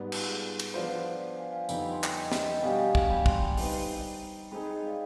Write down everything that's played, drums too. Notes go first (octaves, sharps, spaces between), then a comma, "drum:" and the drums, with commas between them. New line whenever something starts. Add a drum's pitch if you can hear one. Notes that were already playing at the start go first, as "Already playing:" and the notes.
Already playing: G#2 G3 B3
F4, drum: cymbal
G#4
drum: cymbal
F3 B3 D4 F4 C5
F5 G#5
F5 G#5
F2 D3 G3 B3 D#4 G5 B5, drum: tambourine
G5 B5
G#5 C6
G5 B5, drum: clap
D#5 G5
D#5 G5, drum: snare
D#5 G5
B2 G3 D4 G4 F5 G#5
F5 G#5
F5 G#5, drum: kick
G5 B5
G#5 C6, drum: kick
G5 B5
G3 C4 D#4 B4, drum: open hi-hat
G#3 C4 D#4 G#4 G5 B5
G5 B5
D#5 G5
D5 F5